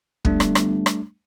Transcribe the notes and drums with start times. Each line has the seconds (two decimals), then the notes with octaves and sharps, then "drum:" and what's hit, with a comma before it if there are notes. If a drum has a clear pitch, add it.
0.25 G1 G3 A3 D4, drum: kick
0.40 drum: rim click
0.55 drum: rim click
0.86 drum: rim click